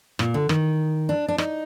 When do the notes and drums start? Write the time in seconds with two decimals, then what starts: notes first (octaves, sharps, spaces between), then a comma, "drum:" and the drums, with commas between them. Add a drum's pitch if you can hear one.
0.19 A#2, drum: rim click
0.34 D3
0.49 D#3, drum: rim click
1.09 D4
1.28 D4
1.38 D#4, drum: rim click